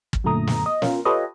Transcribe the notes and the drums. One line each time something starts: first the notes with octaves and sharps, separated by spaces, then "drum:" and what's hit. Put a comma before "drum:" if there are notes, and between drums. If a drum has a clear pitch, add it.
drum: kick
F#2 A#2 D3 A3 A#5 D#6
drum: snare
D#5
C#4 F4 A#4, drum: snare
F4 G4 A4 B4 C#5 D#5